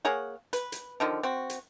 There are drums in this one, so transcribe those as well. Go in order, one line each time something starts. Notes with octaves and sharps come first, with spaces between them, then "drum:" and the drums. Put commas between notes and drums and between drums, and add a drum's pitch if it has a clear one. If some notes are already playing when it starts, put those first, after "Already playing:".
A#3 G#4 C#5 F#5
B4, drum: hi-hat
drum: hi-hat
D3 D#3 F3
C4 F#4
drum: hi-hat